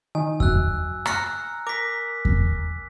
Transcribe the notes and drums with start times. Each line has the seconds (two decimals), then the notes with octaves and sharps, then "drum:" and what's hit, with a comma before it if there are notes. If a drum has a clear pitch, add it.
0.15 D#3 G#5
0.40 F#2 E6 F#6, drum: kick E2
1.06 A#5 F6 F#6 C#7, drum: rim click
1.67 A#4 D6 B6
2.25 drum: kick E2